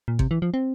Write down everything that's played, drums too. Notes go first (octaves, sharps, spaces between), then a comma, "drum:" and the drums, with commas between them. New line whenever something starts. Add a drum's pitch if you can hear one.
A#2
C3, drum: kick
E3
F3
C4